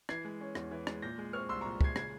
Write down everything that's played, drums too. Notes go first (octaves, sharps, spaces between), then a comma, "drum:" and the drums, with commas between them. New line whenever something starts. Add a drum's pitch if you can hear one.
E3 G#6 C7, drum: rim click
G#3
C#4
E2, drum: rim click
E3
G#3, drum: rim click
A#2 G6 A#6
G#3
C4 C#6 F6
C2 C6 E6
A#2 A#5 C#6
G#3 G#6 C7, drum: kick
C#3 G#6 C7, drum: rim click